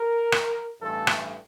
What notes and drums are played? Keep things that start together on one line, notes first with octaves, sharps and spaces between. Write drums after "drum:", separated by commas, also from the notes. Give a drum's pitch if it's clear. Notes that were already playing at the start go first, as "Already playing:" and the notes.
Already playing: A#4
drum: rim click
A1 G2 E3 A3 A4
drum: rim click